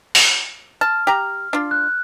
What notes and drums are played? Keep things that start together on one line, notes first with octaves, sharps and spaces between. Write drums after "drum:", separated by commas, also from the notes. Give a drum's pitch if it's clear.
drum: open hi-hat
A5 F6
G4 A#5
D4 F4
F#6